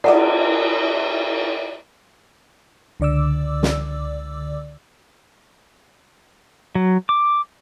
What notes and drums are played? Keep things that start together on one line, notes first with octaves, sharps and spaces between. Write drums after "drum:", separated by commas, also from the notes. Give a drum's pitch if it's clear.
D5 F#5 D6, drum: cymbal
C#2 D3 D5 D6 E6
drum: snare
F#3
D6